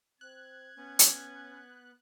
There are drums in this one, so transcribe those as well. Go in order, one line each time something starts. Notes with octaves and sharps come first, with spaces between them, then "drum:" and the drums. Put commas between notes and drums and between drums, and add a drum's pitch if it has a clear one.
C4 F#6 G#6
B3 C#4
drum: hi-hat